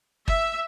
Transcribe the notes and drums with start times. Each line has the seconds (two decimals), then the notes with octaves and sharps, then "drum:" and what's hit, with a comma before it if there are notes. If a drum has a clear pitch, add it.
0.28 E5, drum: kick